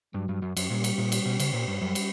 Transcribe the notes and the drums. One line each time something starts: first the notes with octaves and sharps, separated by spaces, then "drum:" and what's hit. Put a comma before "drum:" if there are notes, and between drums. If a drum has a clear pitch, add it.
G2 F#3
G2
F#2
F#2, drum: cymbal
A#2 G3
drum: cymbal
A#2
drum: cymbal
B2
C#3, drum: cymbal
A#2
G2
F#2 G3
drum: cymbal